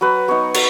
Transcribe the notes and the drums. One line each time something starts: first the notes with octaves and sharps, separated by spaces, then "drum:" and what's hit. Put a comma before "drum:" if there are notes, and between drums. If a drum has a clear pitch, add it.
F#3 B4
B3 D#4 C#5
F#3, drum: cymbal